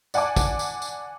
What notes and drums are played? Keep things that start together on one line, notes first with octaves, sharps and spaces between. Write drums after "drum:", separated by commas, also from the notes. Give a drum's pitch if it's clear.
D5 F#5 G#5 A5 D6, drum: tambourine
drum: kick, tambourine
drum: tambourine
drum: tambourine